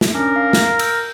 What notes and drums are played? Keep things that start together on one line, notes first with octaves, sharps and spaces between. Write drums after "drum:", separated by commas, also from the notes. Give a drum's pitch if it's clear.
drum: snare
C#4 D4 A#4 D6
F5 A#5
drum: snare
E6 G6, drum: cymbal